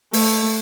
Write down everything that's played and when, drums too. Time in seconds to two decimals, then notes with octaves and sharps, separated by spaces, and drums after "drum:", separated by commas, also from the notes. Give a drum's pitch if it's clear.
0.13 A3, drum: open hi-hat